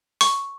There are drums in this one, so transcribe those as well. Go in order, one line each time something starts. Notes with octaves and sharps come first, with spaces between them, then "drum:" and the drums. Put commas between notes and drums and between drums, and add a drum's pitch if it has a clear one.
C#6, drum: open hi-hat